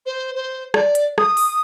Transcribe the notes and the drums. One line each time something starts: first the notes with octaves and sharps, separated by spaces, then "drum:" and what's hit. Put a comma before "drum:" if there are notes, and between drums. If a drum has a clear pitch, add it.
C5
C5
D5, drum: rim click
drum: hi-hat
D#6, drum: rim click
drum: open hi-hat